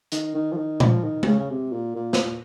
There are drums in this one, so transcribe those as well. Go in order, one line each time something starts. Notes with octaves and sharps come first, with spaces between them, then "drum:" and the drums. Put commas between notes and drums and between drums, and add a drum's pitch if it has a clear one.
D#3, drum: hi-hat
D#3
F3
D#3
F3, drum: tom A#2
D#3
C3, drum: tom G#3
C#3
C#3
C3
A#2
A#2
drum: snare